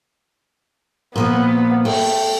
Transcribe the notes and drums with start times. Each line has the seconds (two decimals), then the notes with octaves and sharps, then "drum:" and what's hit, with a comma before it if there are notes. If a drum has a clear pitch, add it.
1.16 A#2 F3 A#3 B3
1.85 A3 G5, drum: cymbal